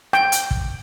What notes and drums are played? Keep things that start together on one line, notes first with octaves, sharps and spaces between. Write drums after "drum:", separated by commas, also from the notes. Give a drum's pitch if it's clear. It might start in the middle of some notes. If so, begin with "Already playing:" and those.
G5, drum: rim click
drum: hi-hat
drum: kick